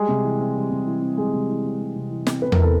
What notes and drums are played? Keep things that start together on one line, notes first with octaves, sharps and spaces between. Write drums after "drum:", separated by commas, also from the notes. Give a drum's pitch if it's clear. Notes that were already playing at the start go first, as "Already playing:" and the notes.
Already playing: G3 G#3 G#4
C3
E3
C4
G3
C3
E3
C4
G3 G#3 G#4
C3
E3
C4
G3
C3
E3
C4, drum: snare
B3 B4
A#4, drum: tom E2
E3 A4